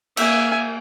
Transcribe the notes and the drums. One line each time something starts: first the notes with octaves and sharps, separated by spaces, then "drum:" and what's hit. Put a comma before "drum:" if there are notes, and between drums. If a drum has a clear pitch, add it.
A#3 E5 G#5, drum: cymbal